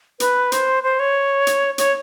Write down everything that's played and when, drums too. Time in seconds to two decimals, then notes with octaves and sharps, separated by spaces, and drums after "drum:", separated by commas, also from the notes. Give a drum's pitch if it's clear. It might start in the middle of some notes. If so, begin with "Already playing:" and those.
0.20 B4, drum: hi-hat
0.52 C5, drum: hi-hat
0.83 C5
1.00 C#5
1.47 drum: hi-hat
1.78 C#5, drum: hi-hat